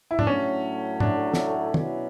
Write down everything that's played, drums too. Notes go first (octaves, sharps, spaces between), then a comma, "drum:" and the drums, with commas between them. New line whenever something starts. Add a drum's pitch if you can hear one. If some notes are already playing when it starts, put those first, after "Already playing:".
E4
D4, drum: tom G#2
A2 F#3 A3 C#4
D4, drum: tom G#2
drum: snare
B2 F#3 C#4 E4, drum: tom